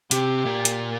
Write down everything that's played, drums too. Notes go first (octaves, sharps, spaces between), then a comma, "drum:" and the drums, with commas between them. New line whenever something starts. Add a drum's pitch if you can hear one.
C3 G4, drum: hi-hat
A#2
drum: hi-hat